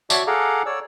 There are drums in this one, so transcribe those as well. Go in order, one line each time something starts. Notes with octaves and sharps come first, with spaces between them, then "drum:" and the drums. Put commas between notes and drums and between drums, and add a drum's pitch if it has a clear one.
F#4 C#5 D5 E5 A5 D6, drum: tambourine
G#4 A4 F5 F#5 A#5 D6
C#5 D5 E6